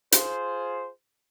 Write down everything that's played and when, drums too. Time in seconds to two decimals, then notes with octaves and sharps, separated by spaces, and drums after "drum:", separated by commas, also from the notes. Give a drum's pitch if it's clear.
0.12 F4 G#4 C5, drum: hi-hat